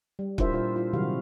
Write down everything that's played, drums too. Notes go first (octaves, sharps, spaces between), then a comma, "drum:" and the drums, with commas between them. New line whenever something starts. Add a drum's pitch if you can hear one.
G3
D4 E4 F4 A#4 C5 E5, drum: kick
A#2 F4 C5
E4 F4
C3 D#3 F#3 G3 F#4 F5